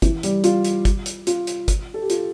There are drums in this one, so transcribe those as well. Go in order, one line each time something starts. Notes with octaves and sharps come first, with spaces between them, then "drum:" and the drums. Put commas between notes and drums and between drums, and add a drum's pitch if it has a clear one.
E3, drum: kick, hi-hat
G3, drum: hi-hat
F4, drum: hi-hat
drum: hi-hat
drum: kick, hi-hat
drum: hi-hat
F4, drum: hi-hat
drum: hi-hat
drum: kick, hi-hat
A4
G4
F4, drum: hi-hat